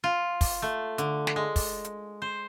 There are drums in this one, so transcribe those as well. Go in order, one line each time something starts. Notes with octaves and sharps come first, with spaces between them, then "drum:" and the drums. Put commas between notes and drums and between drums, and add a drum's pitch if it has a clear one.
F4
drum: kick, open hi-hat
A3
D3, drum: hi-hat
drum: snare
G#3
drum: kick, open hi-hat
drum: hi-hat
C5